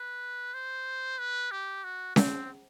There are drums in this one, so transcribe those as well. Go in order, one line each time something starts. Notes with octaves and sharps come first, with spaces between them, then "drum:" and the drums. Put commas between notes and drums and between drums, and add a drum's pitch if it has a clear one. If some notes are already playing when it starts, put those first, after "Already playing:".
Already playing: B4
C5
B4
G4
F#4
C4, drum: snare C#4